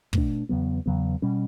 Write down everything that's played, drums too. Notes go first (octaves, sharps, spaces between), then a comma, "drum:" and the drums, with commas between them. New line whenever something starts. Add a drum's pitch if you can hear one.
B2 A3 D4, drum: kick
E2 C#3 F#3 B3
E2 C#3 F#3 B3
B2 G3 C#4